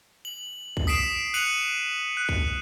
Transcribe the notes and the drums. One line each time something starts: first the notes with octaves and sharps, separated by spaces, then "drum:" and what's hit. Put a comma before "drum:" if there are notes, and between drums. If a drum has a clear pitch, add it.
F#7
drum: kick
D#6 B6 C7 D7 E7
F#6 C#7 D#7 F7 F#7
F#6
drum: kick